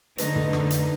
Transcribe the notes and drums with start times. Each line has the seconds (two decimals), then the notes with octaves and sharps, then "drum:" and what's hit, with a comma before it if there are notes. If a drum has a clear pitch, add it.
0.18 D3 A3 D#4 B4, drum: hi-hat
0.36 drum: tom
0.53 drum: rim click
0.70 drum: hi-hat